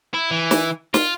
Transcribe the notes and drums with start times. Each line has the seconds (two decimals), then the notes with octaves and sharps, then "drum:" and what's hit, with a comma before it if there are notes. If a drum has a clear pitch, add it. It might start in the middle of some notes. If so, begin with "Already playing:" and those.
0.14 E4
0.31 E3
0.51 drum: snare
0.94 F4, drum: snare